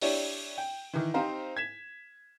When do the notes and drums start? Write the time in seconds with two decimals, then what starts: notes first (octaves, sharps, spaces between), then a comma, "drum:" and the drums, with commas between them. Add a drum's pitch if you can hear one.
0.01 D4 E4 G4 C#5 D5, drum: open hi-hat
0.58 G5
0.93 D#3 E3
1.14 C4 D#4 G4 C5 F5 A#5
1.57 G#6 B6 E7